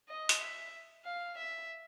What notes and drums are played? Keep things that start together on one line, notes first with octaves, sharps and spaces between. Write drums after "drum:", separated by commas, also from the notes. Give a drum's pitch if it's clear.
D#5
drum: hi-hat
E5
F5
E5